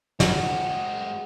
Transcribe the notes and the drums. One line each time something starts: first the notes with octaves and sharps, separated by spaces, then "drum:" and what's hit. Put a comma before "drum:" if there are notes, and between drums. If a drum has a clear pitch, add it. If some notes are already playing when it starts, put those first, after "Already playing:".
G#3 F#4, drum: snare